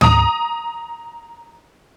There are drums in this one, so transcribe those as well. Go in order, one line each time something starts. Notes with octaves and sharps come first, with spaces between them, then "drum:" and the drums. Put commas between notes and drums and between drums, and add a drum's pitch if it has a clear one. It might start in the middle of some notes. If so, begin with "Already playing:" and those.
A#5 D#6, drum: tom